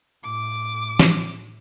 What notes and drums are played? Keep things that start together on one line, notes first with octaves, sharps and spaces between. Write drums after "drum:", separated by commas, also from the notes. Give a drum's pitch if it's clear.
A2 D6
drum: snare